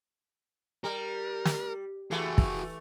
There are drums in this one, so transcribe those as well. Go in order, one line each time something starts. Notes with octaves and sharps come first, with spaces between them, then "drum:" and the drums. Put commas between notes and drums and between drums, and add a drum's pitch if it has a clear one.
G3 A#4
drum: snare
E3 A3 F#4 G#4
drum: kick